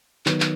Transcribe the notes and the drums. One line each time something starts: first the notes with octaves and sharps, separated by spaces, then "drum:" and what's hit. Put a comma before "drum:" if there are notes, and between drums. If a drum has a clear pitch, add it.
D#3 F#3 B3 F#4, drum: clap
drum: clap